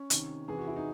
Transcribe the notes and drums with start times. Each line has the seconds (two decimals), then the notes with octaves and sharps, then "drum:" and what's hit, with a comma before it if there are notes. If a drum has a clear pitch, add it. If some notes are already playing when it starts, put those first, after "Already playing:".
Already playing: C#4
0.10 C3 D#3, drum: hi-hat
0.48 C3 E3 G#4
0.58 F#4
0.68 E4
0.76 D#4